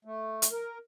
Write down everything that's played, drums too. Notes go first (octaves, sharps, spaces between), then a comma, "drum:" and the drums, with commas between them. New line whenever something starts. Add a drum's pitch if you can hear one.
A3
drum: hi-hat
A#4